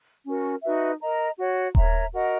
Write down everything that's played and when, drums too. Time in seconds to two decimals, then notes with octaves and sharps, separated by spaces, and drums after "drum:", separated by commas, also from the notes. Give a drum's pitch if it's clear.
0.25 C#4 F#4 A#4
0.62 D#4 F#4 B4 E5
1.00 A#4 D#5 A#5
1.37 F#4 C#5 F#5
1.75 A#4 C#5 E5 A#5, drum: kick D#1
2.12 F#4 A#4 D#5 F#5